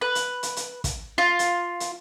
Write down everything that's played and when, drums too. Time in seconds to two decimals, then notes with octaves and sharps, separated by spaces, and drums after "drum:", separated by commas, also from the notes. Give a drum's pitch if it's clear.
0.01 B4
0.15 drum: hi-hat
0.43 drum: hi-hat
0.56 drum: hi-hat
0.84 drum: kick, hi-hat
1.18 F4
1.39 drum: hi-hat
1.80 drum: hi-hat